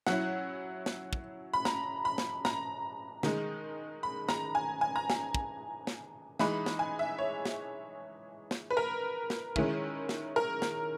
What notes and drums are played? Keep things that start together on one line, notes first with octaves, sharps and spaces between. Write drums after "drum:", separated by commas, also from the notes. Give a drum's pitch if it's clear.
F#3 C#4 E4 F#5, drum: snare
drum: snare
drum: kick
B5
A#5, drum: snare
B5
drum: snare
A#5, drum: snare
D#3 G#3 D#4, drum: snare
B5
A#5, drum: snare
G#5
G#5
A#5
G#5, drum: snare
drum: kick
drum: snare
E3 G#3 D#4 B5, drum: snare
drum: snare
G#5
E5
C#5
drum: snare
drum: snare
B4
A#4
drum: snare
D#3 G#3 C#4 E4, drum: kick
drum: snare
A#4
drum: snare